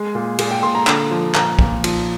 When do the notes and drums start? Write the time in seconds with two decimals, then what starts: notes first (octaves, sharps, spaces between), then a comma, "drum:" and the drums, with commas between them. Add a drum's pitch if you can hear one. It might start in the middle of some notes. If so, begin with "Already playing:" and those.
Already playing: G#3 G#4
0.15 A#2
0.39 A#2 G#4, drum: cymbal
0.51 G5
0.63 A#2 C6
0.75 A#5
0.87 D3, drum: clap
1.11 F3
1.35 A#2 A#5, drum: clap
1.59 A#2, drum: kick
1.84 F3, drum: cymbal